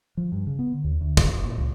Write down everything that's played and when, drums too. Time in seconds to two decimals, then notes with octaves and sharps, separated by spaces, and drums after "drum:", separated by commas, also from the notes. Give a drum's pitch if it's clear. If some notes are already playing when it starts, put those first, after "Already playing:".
0.17 F3
0.32 G2
0.47 C#3
0.59 B3
0.72 D3
0.84 D#2
1.01 D2
1.17 D#1, drum: kick
1.33 F1
1.45 A#2
1.58 C#2